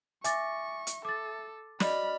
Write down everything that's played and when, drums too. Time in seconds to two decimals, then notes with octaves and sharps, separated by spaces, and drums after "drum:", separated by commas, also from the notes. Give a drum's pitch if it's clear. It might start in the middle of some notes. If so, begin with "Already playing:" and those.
0.24 E5 G#5 C#6 D6 A6 A#6, drum: hi-hat
0.87 drum: hi-hat
1.05 A4 D6 A6
1.80 F#4 D5 D#5 B5 F6, drum: snare